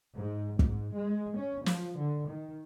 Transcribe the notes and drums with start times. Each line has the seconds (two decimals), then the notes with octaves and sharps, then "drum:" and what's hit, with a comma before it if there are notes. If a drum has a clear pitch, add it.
0.15 G#2
0.59 G#2, drum: kick
0.93 G#3
1.37 C#4
1.66 F3, drum: snare
1.97 D3
2.28 D#3